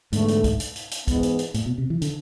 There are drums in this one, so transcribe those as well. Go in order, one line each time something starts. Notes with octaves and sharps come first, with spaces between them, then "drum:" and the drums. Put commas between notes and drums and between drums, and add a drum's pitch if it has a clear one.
E2 G#2 D3 A3, drum: hi-hat
drum: hi-hat
drum: kick, hi-hat
drum: hi-hat
drum: hi-hat
drum: hi-hat
G#2 E3 G#3 B3, drum: kick, hi-hat
drum: hi-hat
drum: hi-hat
A2, drum: hi-hat
B2
C3
E3
D3, drum: hi-hat